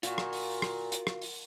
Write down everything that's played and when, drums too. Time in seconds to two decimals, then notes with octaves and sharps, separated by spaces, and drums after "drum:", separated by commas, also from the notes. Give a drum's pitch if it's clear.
0.03 A#2 F4 F#4, drum: hi-hat
0.18 drum: rim click
0.33 drum: open hi-hat
0.62 drum: rim click
0.92 drum: hi-hat
1.07 drum: rim click
1.22 drum: open hi-hat